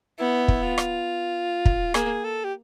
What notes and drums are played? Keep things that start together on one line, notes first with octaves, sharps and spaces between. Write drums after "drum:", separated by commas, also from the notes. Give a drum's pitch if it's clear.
B3 E4
drum: kick
F4
drum: rim click
drum: kick
A#3 G#4, drum: rim click
A4
G4